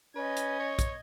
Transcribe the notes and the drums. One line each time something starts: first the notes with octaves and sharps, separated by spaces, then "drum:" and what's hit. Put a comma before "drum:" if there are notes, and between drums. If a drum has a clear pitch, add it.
C#4 B4 D#5 G#6
drum: hi-hat
C#5
drum: kick, hi-hat